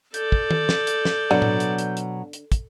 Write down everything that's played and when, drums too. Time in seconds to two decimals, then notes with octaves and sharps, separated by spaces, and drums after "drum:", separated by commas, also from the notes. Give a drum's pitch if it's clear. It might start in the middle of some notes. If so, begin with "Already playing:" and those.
0.14 A4 D5 G6, drum: hi-hat
0.32 drum: kick
0.51 drum: tom D#3
0.69 drum: snare
0.87 drum: hi-hat
1.05 drum: snare
1.31 B2 D3 F#3
1.42 drum: tom A2
1.60 drum: hi-hat
1.78 drum: hi-hat
1.97 drum: hi-hat
2.33 drum: hi-hat
2.52 drum: kick, hi-hat